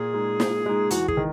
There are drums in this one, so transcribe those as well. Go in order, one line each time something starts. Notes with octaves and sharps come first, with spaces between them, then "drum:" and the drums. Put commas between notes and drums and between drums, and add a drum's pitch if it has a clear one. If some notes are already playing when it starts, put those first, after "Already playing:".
Already playing: A#2 G#4
G#3 D#4
A#2, drum: snare
G#3 D#4
E2 F#4, drum: hi-hat
G#4, drum: kick
D#3